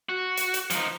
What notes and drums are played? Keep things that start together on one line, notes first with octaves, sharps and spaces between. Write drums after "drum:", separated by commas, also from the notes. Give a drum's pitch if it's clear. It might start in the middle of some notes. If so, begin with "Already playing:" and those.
F#4
drum: hi-hat
drum: hi-hat
F3 D#4, drum: hi-hat